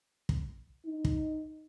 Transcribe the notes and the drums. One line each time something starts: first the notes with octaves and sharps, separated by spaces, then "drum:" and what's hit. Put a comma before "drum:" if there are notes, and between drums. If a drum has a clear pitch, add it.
drum: kick
D#4
drum: kick